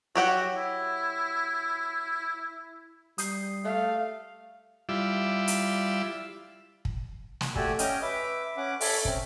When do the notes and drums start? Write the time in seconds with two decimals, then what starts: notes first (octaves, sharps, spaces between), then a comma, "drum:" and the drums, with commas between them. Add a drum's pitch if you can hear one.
0.15 F#3 F#4 G4 F#5
0.56 E4
3.18 G3 D#6 G6 C7, drum: hi-hat
3.64 A3 F5
4.89 G3 E4 F4 D6 E6
5.48 drum: hi-hat
6.85 drum: kick
7.41 drum: snare
7.56 A3 F#4 G4 D5 G#5 E6, drum: kick
7.79 C#4 D#5 G5 F6, drum: hi-hat
8.02 B4 E5 D6
8.57 C#4 F#5 D6
8.81 A4 C#5 E5, drum: open hi-hat
9.05 C4 C#4, drum: kick